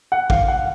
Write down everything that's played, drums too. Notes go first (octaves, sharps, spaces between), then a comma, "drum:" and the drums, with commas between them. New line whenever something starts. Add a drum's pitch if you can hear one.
F#5
F5, drum: kick
F#5